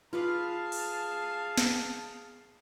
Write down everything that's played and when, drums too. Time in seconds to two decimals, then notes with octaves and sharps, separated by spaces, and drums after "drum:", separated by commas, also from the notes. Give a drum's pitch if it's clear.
0.13 F4 G#4 B4 D5 F5 A5
0.72 drum: open hi-hat
1.58 drum: snare